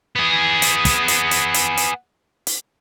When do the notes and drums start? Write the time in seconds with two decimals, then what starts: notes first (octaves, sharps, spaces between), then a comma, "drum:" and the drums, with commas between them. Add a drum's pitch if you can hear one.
0.16 B3 G#4
0.62 drum: hi-hat
0.85 drum: kick, hi-hat
1.08 drum: hi-hat
1.31 drum: hi-hat
1.54 drum: hi-hat
1.77 drum: hi-hat
2.47 drum: hi-hat